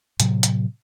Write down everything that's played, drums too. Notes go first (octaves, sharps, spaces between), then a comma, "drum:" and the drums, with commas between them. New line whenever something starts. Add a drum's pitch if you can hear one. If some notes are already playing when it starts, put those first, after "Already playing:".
A2 C3 F#3, drum: hi-hat
drum: hi-hat